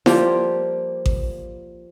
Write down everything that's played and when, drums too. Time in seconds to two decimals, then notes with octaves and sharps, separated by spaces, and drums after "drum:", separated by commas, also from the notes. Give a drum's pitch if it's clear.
0.06 F3 G3 A#3 G4, drum: snare E4
1.06 drum: kick A1